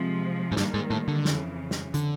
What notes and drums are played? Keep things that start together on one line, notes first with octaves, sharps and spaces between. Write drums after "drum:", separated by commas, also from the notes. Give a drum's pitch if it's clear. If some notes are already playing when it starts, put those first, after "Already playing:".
Already playing: C3 F3 G#3
G#2
G2 D#3 G3 A#3, drum: snare
G#2
A2
D3
F2 C#3 E3, drum: snare
drum: snare
D3, drum: hi-hat